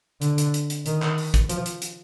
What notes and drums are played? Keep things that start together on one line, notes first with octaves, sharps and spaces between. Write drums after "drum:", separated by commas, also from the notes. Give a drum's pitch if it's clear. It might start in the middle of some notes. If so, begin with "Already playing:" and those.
D3, drum: hi-hat
drum: hi-hat
drum: hi-hat
drum: hi-hat
D#3, drum: hi-hat
drum: clap
drum: open hi-hat
drum: kick, hi-hat
F3, drum: hi-hat
drum: hi-hat
drum: hi-hat